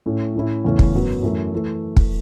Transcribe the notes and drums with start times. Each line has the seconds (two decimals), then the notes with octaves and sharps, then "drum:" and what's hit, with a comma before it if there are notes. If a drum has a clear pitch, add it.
0.06 A2 A3 C#4
0.35 A2 A3 C#4 E4
0.64 E2 C#3 A3 C#4 E4
0.79 drum: kick
0.94 F#2 F#3 B3
1.22 F#2 E3 A3
1.54 E3 A3
1.97 drum: kick